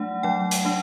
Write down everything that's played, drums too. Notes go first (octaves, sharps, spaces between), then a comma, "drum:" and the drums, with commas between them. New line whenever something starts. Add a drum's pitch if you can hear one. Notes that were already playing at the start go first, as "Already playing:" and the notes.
Already playing: F#3 A3 D4 F#5
F#3 G5
drum: hi-hat
A3 D4